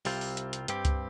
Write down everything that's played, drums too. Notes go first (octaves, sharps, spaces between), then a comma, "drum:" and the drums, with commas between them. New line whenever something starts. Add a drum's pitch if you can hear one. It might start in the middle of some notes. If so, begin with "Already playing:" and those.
C2 C3 G3 C4 F4, drum: open hi-hat
drum: open hi-hat
drum: hi-hat
drum: hi-hat
G2 G3 C4 G4, drum: hi-hat
drum: kick C#2, hi-hat